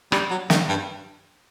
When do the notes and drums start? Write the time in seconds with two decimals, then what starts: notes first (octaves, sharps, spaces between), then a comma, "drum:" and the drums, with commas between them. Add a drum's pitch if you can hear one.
0.12 G3, drum: rim click
0.30 F#3
0.50 D#3, drum: snare
0.69 G2